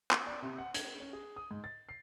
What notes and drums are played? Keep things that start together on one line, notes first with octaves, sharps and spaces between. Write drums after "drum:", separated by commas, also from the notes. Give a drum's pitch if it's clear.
drum: clap
D5
C3
F#5
G#6, drum: hi-hat
C#4
G#4
D#6
G#2
A6
C7